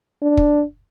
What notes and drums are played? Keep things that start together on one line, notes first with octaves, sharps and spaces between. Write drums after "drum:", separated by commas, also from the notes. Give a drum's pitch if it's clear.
D4
drum: kick